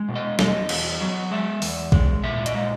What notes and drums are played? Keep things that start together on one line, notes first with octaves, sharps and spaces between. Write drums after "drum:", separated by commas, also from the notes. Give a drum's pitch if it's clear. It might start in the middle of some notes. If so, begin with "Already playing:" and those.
Already playing: G#3
B2
D#5
E2 D#5, drum: snare
E2, drum: cymbal
F#3
G#3 E5
E2, drum: open hi-hat
G#3, drum: kick A#1
A#2 E5
D#5, drum: hi-hat
G#3